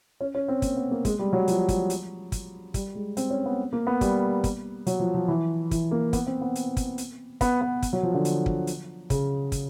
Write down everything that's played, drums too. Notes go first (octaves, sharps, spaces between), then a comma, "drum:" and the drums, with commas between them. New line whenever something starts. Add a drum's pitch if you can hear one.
C#4
C#4
C4
A#3, drum: kick, hi-hat
B3
A#3
G#3, drum: kick, hi-hat
G3
F#3
F3, drum: hi-hat
drum: kick, hi-hat
drum: hi-hat
drum: kick, hi-hat
G3, drum: kick, hi-hat
G#3
C4, drum: hi-hat
C#4
B3
A#3
B3
G3, drum: kick, hi-hat
drum: kick, hi-hat
F#3, drum: hi-hat
F3
F3
E3
E3, drum: kick, hi-hat
A#3
B3, drum: kick, hi-hat
C4
B3
drum: hi-hat
drum: kick, hi-hat
drum: hi-hat
B3, drum: kick, hi-hat
B3
drum: kick, hi-hat
F#3
F3
D3
drum: hi-hat
drum: kick
drum: hi-hat
C#3, drum: kick, hi-hat
drum: kick, hi-hat